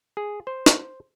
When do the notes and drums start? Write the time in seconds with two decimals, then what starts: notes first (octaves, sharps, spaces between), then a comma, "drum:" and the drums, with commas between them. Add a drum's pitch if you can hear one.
0.17 G#4
0.47 C5
0.66 drum: snare